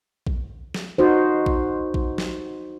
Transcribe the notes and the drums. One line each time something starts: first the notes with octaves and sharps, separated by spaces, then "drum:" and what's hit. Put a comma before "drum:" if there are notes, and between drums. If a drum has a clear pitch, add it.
drum: kick A#1
drum: snare
D#4 F#4 C5
drum: kick A#1
drum: kick A#1
drum: snare